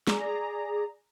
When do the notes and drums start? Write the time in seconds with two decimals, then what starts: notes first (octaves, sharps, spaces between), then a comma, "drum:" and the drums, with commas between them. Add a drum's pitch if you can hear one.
0.07 G#4 D5 A#5, drum: snare